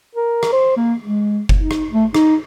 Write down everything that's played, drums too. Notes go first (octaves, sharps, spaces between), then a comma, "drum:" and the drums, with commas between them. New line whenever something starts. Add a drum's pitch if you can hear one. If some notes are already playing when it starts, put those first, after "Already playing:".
A#4
drum: rim click
C5
A#3
G#3
drum: kick F#1
D#4
drum: rim click
A3
D#4, drum: rim click